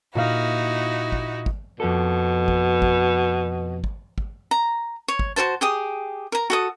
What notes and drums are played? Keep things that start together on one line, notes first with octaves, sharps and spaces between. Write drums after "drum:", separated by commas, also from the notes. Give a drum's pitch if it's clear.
A#2 D#4 E4 F#4 F5
drum: kick
drum: kick
F2 B2 A4
drum: kick
drum: kick
drum: kick
drum: kick
A#5
C#5
drum: kick
F#4 A4 C5 A5
G4 G#4 D#6
A#4 A#5
F#4 A4 D#6